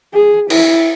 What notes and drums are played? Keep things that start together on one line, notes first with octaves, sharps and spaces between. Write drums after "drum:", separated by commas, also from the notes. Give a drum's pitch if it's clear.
G#4
E4, drum: cymbal